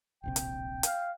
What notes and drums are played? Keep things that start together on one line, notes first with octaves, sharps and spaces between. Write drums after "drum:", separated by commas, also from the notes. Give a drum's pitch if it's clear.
D1 A#1 C3 G5
drum: hi-hat
F5, drum: hi-hat